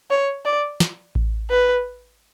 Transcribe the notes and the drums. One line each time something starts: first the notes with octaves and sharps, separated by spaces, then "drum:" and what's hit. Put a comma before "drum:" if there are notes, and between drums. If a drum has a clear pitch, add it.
C#5
D5
drum: snare
drum: kick A1
B4